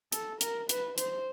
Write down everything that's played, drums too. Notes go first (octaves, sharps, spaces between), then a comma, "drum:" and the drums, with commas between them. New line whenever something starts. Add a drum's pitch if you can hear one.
A4, drum: hi-hat
A#4, drum: hi-hat
B4, drum: hi-hat
C5, drum: hi-hat